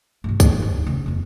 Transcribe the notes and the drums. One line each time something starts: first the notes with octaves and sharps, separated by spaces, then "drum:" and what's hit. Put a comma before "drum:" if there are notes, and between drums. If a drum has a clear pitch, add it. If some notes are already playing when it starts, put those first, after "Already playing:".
G2 B2
D#3, drum: kick, tambourine
D#4
F#2 C#3
F2 B3